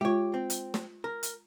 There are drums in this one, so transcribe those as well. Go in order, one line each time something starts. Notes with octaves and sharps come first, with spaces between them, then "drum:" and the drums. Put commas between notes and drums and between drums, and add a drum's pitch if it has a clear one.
G#3 F4 G4 C#5
C4
drum: hi-hat
drum: snare
A#4
drum: hi-hat